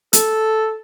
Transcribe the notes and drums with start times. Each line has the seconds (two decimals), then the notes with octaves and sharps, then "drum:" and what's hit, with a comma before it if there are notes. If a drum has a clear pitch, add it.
0.13 A4, drum: hi-hat